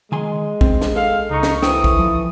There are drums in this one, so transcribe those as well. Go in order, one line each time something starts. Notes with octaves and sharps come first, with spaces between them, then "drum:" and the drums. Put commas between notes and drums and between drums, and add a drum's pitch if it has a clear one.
D#3 G#3 G#5 C6
C4, drum: kick
drum: snare
A4 F5
C#2 D#4 C#6
drum: snare
E3 A4 C5 G5 D#6, drum: snare
drum: kick
F3